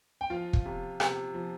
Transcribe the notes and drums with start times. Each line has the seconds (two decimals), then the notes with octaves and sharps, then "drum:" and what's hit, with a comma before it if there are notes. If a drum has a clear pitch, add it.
0.21 G5
0.30 F3 F4 F5
0.53 drum: kick
0.66 C3
1.00 C3, drum: rim click
1.34 F3